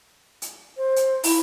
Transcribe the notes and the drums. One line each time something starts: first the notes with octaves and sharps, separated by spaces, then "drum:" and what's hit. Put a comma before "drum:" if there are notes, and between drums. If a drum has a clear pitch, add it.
drum: hi-hat
C5
drum: hi-hat
E4, drum: open hi-hat